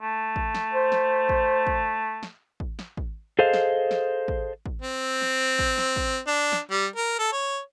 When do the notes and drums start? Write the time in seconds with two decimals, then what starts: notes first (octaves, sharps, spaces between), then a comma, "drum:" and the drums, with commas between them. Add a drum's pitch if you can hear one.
0.02 A3
0.36 drum: kick
0.55 drum: snare
0.73 C5
0.92 drum: snare
1.29 drum: kick
1.67 drum: kick
2.23 drum: snare
2.60 drum: kick
2.79 drum: snare
2.97 drum: kick
3.39 G#4 A4 C5 D#5 F5
3.53 drum: snare
3.91 drum: snare
4.28 drum: kick
4.66 drum: kick
4.81 C4
5.22 drum: snare
5.59 drum: kick
5.78 drum: snare
5.96 drum: kick
6.27 D4
6.52 drum: snare
6.71 G3
6.96 A#4
7.18 A4
7.32 C#5